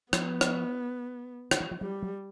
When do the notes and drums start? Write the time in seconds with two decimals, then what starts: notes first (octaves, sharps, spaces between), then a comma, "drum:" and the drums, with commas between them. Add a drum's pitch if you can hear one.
0.13 F3 B3, drum: rim click
0.41 drum: rim click
1.51 D#3, drum: rim click
1.60 E3
1.71 F3
1.81 F#3 G3
2.03 F#3